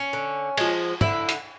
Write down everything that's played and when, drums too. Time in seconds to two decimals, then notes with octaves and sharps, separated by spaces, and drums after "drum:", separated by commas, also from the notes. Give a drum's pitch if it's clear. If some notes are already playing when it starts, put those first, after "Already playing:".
Already playing: C#4
0.13 D3
0.57 F3 G#3, drum: cymbal
1.01 D3 E4, drum: tom
1.29 drum: hi-hat